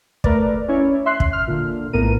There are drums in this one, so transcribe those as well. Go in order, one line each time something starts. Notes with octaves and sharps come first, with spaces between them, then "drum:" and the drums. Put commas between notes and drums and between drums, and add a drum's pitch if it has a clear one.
A3 A#4 B4 D5, drum: kick
C#4 E4 C#5 D5
E5 C6 F#6 C7
drum: kick
F6
A#2 D3
A#1 A2 B3 A#4 D#7